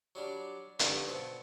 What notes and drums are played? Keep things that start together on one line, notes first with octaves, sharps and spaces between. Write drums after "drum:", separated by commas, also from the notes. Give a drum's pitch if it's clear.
F#3 G3 D4
G2 D3 D#3 D4, drum: hi-hat
B2 C4 A5